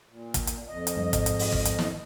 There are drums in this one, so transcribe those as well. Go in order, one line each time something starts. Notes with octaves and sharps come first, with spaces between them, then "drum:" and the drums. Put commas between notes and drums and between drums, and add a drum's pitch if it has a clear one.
A#2
drum: kick, hi-hat
drum: hi-hat
F2 D#5
drum: hi-hat
F#2 F3 G3
G#2, drum: kick, hi-hat
drum: hi-hat
drum: open hi-hat
drum: kick
drum: hi-hat
drum: snare